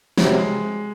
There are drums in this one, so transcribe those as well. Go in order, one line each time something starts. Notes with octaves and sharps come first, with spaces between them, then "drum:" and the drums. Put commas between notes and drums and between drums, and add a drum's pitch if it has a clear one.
C3 F#3, drum: snare
G#3